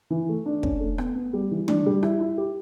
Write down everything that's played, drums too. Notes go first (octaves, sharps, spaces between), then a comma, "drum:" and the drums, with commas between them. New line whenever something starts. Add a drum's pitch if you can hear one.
E3
A3
D4
C#4, drum: kick
A3
B3, drum: rim click
B3
G3
E3
D4, drum: tom
G3
E4, drum: rim click
E4
G4